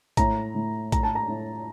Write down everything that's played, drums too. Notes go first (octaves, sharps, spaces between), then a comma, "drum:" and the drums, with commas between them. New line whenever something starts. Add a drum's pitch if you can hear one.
A2 A#5, drum: kick A#1, hi-hat
A2
A2 A#5, drum: kick A#1, hi-hat
A5
A#5
A2